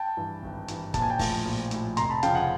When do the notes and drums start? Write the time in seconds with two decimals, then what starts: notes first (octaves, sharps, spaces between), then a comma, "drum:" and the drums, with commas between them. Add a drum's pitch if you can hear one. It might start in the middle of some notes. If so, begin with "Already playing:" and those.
Already playing: G5 A5
0.17 G2 E3
0.43 G#1
0.68 G2 E3, drum: hi-hat
0.94 A#1 A5, drum: kick, hi-hat
1.02 G#5
1.10 G5 A5
1.19 A2 F3, drum: kick, open hi-hat
1.46 A#1
1.71 A2 F3, drum: hi-hat
1.97 F1 A#5 C6, drum: hi-hat
2.10 A5 B5
2.23 F2 C#3 F3 F5 G5, drum: hi-hat
2.35 F#5 G#5